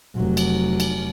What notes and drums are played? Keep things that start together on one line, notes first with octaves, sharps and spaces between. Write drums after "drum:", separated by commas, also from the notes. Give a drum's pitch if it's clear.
F1 F#3
drum: cymbal
drum: cymbal